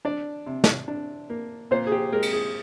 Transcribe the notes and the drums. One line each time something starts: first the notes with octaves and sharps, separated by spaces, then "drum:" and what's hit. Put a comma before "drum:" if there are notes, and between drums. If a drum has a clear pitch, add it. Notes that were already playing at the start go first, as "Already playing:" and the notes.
D4 D5
C3
drum: snare
D4
A#3
A#2 C5
G#4
G4
G#3 A#4
drum: cymbal
G#4